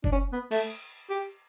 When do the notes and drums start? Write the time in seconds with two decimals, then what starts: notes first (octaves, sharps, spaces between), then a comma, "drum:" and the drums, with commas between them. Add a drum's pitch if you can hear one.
0.04 D4, drum: kick F#1
0.12 C#4
0.33 B3
0.51 A3, drum: cymbal
1.10 G4